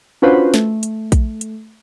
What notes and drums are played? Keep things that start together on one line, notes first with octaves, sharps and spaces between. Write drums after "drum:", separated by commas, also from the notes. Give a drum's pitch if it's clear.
C#4 D4 F4 F#4 B4 C5
A3, drum: snare
drum: hi-hat
drum: kick A#1, hi-hat
drum: hi-hat